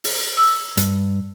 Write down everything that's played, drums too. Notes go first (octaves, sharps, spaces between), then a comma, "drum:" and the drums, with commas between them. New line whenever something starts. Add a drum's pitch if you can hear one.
drum: open hi-hat
E6
G2, drum: hi-hat